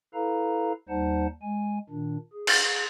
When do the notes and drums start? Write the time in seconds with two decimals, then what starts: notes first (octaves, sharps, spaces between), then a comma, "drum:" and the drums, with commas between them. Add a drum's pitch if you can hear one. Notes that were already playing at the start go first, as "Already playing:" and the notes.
0.14 E4 A4 B4 F5 A#5
0.89 D#2 G3 D#4 C5 F#5 A5
1.42 G#3 G#5
1.89 A#2 D#3 D4
2.33 G#4
2.47 drum: cymbal